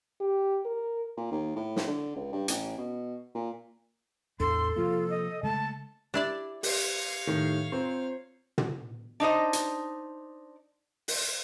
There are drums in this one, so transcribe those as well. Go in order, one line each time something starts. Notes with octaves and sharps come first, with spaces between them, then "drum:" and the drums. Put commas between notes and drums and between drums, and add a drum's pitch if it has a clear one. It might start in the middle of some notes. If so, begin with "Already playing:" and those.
G4
A#4
A#2
D#2
A2
drum: snare
D3
C#2
G2
A1, drum: hi-hat
B2
A#2
A1 E2 D4 A4 C6
C3 F3 A#3 F4
D#5
C#3 G#3 A3 A5
D4 E4 G4 D5
G4 B4 C#5 F5, drum: open hi-hat
A2 D#3
C4 F4 C5 A#5
drum: tom
D4 D#4 C5 D#5
drum: hi-hat
drum: open hi-hat